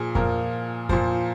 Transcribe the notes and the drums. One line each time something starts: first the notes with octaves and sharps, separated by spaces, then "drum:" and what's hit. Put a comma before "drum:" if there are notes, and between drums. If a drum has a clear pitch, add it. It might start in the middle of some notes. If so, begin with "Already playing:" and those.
Already playing: A#2 F3 G#4
A#2 F3 A#4, drum: kick F2
A#2 F3 C5, drum: kick F2